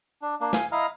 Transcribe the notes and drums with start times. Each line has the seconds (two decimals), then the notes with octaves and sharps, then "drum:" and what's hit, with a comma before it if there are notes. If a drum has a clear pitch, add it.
0.22 D4
0.41 A#3 D4
0.53 F5 G#5, drum: snare
0.72 E4 D#5 F5 A#5 F6